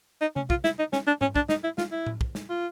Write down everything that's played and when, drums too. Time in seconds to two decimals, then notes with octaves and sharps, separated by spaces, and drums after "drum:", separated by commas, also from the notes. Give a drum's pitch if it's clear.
0.21 D#4
0.36 C#4, drum: tom C3
0.50 F4, drum: kick
0.64 E4, drum: snare
0.79 D#4
0.93 C#4, drum: snare
1.07 D4
1.21 C#4, drum: tom G#2
1.36 D4, drum: kick
1.49 D#4, drum: snare
1.64 E4
1.78 F4, drum: snare
1.92 E4
2.06 drum: tom A2
2.21 drum: kick
2.35 drum: snare
2.50 F4